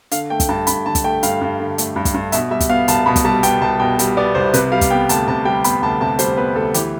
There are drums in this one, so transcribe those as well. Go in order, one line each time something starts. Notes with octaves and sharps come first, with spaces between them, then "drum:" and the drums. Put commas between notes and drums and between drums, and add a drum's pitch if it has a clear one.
D3 F5, drum: hi-hat
A3 G5
drum: kick, hi-hat
G2 A5
G2 B5, drum: hi-hat
D3 A5
drum: kick, hi-hat
A3 G5
G2 F5, drum: hi-hat
G2
D3
A3, drum: hi-hat
G2
drum: kick, hi-hat
G2
B2 E5, drum: hi-hat
G3 E5
drum: kick, hi-hat
B3 F5
C2 A5, drum: hi-hat
B2 B5
drum: kick, hi-hat
G3 A5
B3 G5, drum: hi-hat
C2 A5
B2 G5
G3, drum: hi-hat
B3 D5
C2 C5
C3 B4, drum: hi-hat
G3 F5
drum: kick, hi-hat
B3 G5
D2 A5, drum: hi-hat
C3 A5
G3 G5
B3 B5, drum: hi-hat
D2 A5
C3 A5
G3 C5, drum: hi-hat
B3 B4
D2 A4
E3 G4, drum: hi-hat